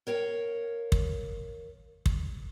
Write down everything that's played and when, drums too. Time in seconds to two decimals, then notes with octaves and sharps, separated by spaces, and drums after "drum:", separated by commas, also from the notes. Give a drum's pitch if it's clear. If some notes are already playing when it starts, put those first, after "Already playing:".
0.07 A#4 C#5 F5 G5
0.92 drum: kick
2.06 drum: kick